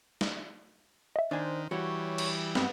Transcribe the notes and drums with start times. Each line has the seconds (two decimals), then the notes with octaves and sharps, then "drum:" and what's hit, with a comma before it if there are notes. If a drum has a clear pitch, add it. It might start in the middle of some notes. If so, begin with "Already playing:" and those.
0.21 drum: snare
1.16 D#5 E5
1.31 D#3 D4 C5 G#5
1.71 E3 G3 F#4 C#5
2.18 drum: cymbal
2.55 G2 B3 C4, drum: snare